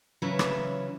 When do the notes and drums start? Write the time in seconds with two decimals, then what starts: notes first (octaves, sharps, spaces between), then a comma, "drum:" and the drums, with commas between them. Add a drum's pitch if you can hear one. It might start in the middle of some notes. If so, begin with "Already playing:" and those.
0.22 C#3 E3 F#3 C#4 E4 B4
0.39 drum: rim click